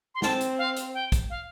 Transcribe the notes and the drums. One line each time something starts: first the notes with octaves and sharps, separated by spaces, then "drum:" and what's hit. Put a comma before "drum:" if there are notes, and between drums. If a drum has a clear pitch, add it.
C6
C4 A5, drum: snare
drum: hi-hat
F5
drum: hi-hat
G5
drum: kick, hi-hat
F5